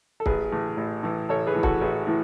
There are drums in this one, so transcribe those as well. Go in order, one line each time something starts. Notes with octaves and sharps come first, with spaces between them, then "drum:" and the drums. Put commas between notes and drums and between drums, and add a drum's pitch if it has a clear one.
A4
A1 G#4 B4, drum: kick
A2 E3
A1
A2 E3
A1 A4 C#5
G#4 B4
A2 E3
F#4 A4, drum: kick
A1 G#4 B4
A2 E3